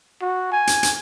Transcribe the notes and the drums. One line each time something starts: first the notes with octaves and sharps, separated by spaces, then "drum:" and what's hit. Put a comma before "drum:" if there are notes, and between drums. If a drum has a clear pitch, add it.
F#4
G#5
drum: hi-hat
drum: hi-hat